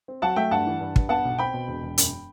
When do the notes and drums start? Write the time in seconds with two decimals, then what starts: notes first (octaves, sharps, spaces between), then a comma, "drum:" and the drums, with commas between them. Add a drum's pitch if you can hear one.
0.08 C4
0.22 F#3 F#5 A5
0.36 A3 E5 G5
0.51 G2 F#5 A5
0.66 E3
0.81 G2
0.96 G2, drum: kick
1.09 B3 F#5 A5
1.25 B1
1.38 C4 G5 B5
1.54 B2
1.68 E1
1.82 E1
1.98 F#2, drum: hi-hat